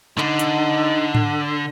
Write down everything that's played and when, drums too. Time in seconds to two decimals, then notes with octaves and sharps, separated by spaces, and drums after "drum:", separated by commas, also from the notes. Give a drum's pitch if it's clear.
0.18 D3 D#4, drum: clap
0.39 drum: hi-hat
1.15 drum: tom G#2